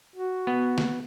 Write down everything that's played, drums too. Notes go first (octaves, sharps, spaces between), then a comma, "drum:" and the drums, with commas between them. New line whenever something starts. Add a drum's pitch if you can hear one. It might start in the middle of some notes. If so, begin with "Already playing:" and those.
F#4
B3
drum: snare